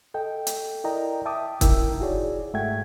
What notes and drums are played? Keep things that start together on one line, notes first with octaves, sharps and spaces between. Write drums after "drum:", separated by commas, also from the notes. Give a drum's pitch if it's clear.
A4 D#5 G5
drum: hi-hat
E4 A#4 D5 D#5 G5 A#5
E5 G5 A5 D6 D#6
C#3 D#4 E4 A#4 G5 E6, drum: kick, hi-hat
E4 F#4 G#4 C#5 D5
G#2 A3 E5 F#5 G5 G#6